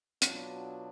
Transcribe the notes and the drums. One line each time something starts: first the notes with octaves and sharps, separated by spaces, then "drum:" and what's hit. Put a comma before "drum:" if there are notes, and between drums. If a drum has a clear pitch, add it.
B2 F#3 B3 D4 F4, drum: hi-hat